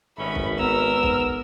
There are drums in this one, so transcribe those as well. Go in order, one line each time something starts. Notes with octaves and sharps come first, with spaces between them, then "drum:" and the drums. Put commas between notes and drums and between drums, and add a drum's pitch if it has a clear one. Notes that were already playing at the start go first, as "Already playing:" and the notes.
G#1 B2 A3 C#4 B5
drum: kick
B3 A#4 E6
drum: kick